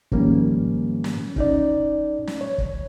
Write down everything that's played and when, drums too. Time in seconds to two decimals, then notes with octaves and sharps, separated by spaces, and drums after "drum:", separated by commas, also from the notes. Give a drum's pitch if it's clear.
0.12 G#2 D#3 F3 G3 A#3 C#4, drum: kick
1.04 drum: snare
1.36 C#4 D#4 D5, drum: kick
2.27 drum: snare
2.41 C#5
2.58 drum: kick